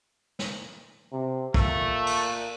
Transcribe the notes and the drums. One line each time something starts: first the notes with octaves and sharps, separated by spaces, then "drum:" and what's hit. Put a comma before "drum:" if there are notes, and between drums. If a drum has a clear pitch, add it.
drum: snare
C3
A#2 A3, drum: kick
drum: cymbal